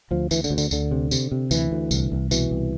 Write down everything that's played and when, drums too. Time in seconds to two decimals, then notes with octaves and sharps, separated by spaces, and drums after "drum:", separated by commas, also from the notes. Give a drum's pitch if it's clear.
0.11 D2 F3
0.31 D2 E3, drum: tambourine
0.44 D3, drum: tambourine
0.50 D2
0.58 D3, drum: tambourine
0.71 D2 D3, drum: tambourine
0.91 C3
1.11 C3, drum: tambourine
1.32 C3
1.51 D2 E3, drum: tambourine
1.71 D2
1.91 C2, drum: tambourine
2.12 C2
2.31 B2 E3, drum: tambourine
2.51 C2